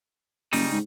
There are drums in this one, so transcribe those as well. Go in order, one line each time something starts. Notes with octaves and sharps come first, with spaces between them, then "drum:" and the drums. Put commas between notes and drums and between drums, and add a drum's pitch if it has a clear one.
F#1 C#3 G3 D#4, drum: open hi-hat
G#2